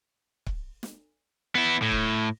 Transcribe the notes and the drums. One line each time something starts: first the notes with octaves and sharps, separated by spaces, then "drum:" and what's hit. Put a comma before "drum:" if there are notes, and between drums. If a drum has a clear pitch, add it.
drum: kick C#1
drum: snare
B3 E4
A2
drum: kick C#1